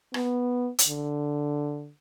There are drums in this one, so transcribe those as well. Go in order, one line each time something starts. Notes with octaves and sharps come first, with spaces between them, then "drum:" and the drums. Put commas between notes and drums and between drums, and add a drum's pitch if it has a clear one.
B3, drum: rim click
drum: hi-hat
D3